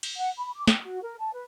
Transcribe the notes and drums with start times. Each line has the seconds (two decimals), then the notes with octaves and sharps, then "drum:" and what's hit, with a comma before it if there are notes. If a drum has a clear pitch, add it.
0.03 drum: cymbal
0.16 F#5
0.38 B5
0.53 D6
0.67 G5, drum: snare
0.82 F#4
1.02 A#4
1.19 A5
1.34 B4